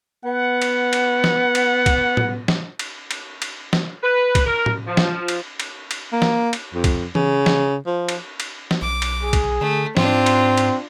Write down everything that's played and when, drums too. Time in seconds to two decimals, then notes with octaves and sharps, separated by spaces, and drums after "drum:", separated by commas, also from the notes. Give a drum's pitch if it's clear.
0.25 B3 F#5
0.62 drum: cymbal
0.93 drum: cymbal
1.24 drum: snare
1.55 drum: cymbal
1.86 drum: kick, cymbal
2.17 drum: tom
2.48 drum: snare
2.79 drum: cymbal
3.11 drum: cymbal
3.42 drum: cymbal
3.73 drum: snare
4.03 B4
4.35 drum: kick, cymbal
4.46 A#4
4.66 drum: tom
4.87 F3
4.97 drum: snare
5.28 drum: cymbal
5.60 drum: cymbal
5.91 drum: cymbal
6.12 A#3
6.22 drum: snare
6.53 drum: cymbal
6.74 F2
6.84 drum: kick, cymbal
7.15 C#3, drum: tom E3
7.46 drum: snare
7.86 F3
8.09 drum: cymbal
8.40 drum: cymbal
8.71 drum: snare
8.82 B1 D6
9.02 drum: cymbal
9.23 G#4
9.33 drum: kick, cymbal
9.61 D3 A3
9.97 G#2 C4 D4 F4, drum: snare
10.26 drum: cymbal
10.57 drum: cymbal